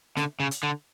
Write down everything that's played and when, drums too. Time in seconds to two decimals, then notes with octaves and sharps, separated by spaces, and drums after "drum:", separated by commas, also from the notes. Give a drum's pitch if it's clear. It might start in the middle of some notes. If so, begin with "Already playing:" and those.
0.17 D3, drum: snare
0.40 C#3
0.51 drum: hi-hat
0.63 D3